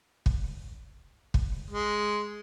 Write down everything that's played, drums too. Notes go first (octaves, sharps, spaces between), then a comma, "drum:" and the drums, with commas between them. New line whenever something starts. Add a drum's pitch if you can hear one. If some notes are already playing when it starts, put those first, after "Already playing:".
drum: kick
drum: kick
G#3